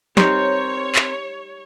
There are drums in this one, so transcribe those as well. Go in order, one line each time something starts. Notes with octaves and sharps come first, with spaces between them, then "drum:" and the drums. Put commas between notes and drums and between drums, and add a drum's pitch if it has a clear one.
G3 C4 D#4 G4 A#4 C5 C#5, drum: snare
drum: clap